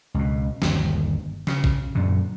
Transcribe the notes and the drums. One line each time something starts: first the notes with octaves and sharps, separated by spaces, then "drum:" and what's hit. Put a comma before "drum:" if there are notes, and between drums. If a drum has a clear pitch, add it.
C#2 B2
G1 D#2 D3, drum: snare
C#3, drum: snare
drum: kick A1
F#2 A#2 D3